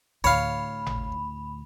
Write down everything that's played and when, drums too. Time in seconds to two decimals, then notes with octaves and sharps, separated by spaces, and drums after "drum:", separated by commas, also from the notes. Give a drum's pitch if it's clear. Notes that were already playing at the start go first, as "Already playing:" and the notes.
0.24 D2 A2 C#5 F5 B5
0.86 drum: tom G#1